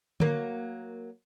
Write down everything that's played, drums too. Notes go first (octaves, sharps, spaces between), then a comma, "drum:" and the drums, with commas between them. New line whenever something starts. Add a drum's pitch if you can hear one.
F#3 A#3, drum: tom D3